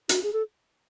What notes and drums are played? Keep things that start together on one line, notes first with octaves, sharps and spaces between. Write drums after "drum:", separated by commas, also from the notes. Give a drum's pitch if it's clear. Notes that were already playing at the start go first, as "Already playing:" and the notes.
F#4, drum: hi-hat
G#4
A4